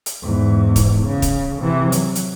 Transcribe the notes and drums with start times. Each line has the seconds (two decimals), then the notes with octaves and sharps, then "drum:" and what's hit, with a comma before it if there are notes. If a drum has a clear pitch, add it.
0.06 drum: hi-hat
0.23 E2 G#2
0.76 drum: kick, hi-hat
1.08 C#3
1.22 drum: kick, hi-hat
1.60 C3 E3
1.92 F#3, drum: hi-hat
2.15 drum: hi-hat